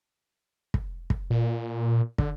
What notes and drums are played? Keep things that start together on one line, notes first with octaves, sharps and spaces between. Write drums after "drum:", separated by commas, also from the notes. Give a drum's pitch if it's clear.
drum: kick
drum: kick
A#2
D3, drum: kick